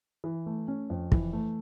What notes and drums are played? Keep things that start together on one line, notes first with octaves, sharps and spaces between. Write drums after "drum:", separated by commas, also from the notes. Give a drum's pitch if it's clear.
E3
A3
C#4
F2
E3, drum: kick
A3